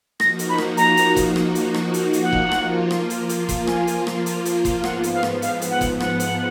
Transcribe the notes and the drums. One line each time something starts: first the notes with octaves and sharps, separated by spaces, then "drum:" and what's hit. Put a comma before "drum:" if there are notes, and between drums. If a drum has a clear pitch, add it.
F3 A#3 D#4 F#4 A#6, drum: rim click
drum: hi-hat
B5
drum: rim click
A#5, drum: hi-hat
drum: hi-hat
drum: kick F#1, hi-hat
drum: rim click
drum: hi-hat
drum: rim click
drum: hi-hat
drum: hi-hat
F#5
drum: kick F#1
F3 A#3 F4, drum: rim click
drum: rim click
drum: hi-hat
drum: hi-hat
drum: kick F#1, hi-hat
G#5, drum: rim click
drum: hi-hat
drum: rim click
drum: hi-hat
drum: hi-hat
drum: kick F#1, hi-hat
G#2 F3 B3 F#5, drum: rim click
drum: hi-hat
F5
drum: rim click
F5, drum: hi-hat
drum: hi-hat
F#5
drum: kick F#1, hi-hat
F#5, drum: rim click
drum: hi-hat